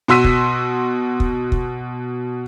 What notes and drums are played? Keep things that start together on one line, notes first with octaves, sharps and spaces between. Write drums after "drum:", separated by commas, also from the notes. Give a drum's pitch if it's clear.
B2 F#4 C6 E6 B6 D#7
drum: kick
drum: kick
drum: kick